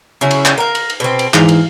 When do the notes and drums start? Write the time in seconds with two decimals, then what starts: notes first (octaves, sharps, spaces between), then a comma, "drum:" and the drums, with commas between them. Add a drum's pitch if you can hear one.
0.21 C#3 F#3 E4
0.31 drum: cymbal
0.45 drum: clap
0.58 A#4 F5
0.75 drum: cymbal
0.90 drum: cymbal
1.00 B2 C4
1.19 drum: cymbal
1.34 G#2 E3 F5, drum: clap
1.49 drum: cymbal